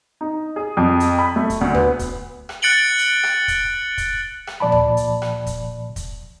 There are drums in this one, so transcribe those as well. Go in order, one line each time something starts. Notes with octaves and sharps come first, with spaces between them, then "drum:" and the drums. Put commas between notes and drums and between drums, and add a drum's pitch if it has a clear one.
D#4
G#4
F2
drum: hi-hat
B5
A3
drum: kick, hi-hat
D2
B3, drum: tom D2
drum: kick, hi-hat
drum: rim click
F#6 A6 C#7 D7 F#7 G7
drum: hi-hat
drum: rim click
drum: kick, hi-hat
drum: kick, hi-hat
drum: rim click
A#2 F3 D5 A5 B5
drum: tom D2
drum: hi-hat
drum: rim click
drum: kick, hi-hat
drum: kick, hi-hat